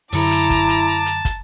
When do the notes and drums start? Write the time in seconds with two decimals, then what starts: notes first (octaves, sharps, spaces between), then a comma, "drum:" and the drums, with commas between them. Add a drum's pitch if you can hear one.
0.13 F#2 D3 E4 A5 A#5 D6, drum: open hi-hat
0.31 drum: hi-hat
0.50 drum: kick, hi-hat
0.69 drum: hi-hat
1.06 drum: hi-hat
1.25 drum: kick, hi-hat